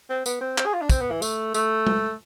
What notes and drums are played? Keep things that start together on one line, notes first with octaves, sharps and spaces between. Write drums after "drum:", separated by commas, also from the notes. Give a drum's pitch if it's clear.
C4
B3, drum: tambourine
C4
C4, drum: clap
G#4
F4
D4
C4, drum: kick, tambourine
B3
E3
A3, drum: tambourine
A3, drum: tambourine
drum: tom G#3